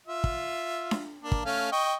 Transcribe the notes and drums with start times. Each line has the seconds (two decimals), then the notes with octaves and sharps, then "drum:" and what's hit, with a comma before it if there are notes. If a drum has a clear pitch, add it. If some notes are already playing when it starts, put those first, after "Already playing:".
0.07 F4 E5
0.24 drum: kick
0.91 drum: snare D4
1.23 A#3 D4
1.32 drum: kick
1.45 A3 C#4 F5
1.72 D#5 G5 C#6